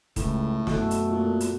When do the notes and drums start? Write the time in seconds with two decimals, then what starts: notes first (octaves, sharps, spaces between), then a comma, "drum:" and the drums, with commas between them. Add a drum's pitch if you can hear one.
0.16 C#2 A2, drum: kick, hi-hat
0.67 F#2 B2 A3, drum: snare
0.91 drum: hi-hat
1.10 A#2
1.40 drum: hi-hat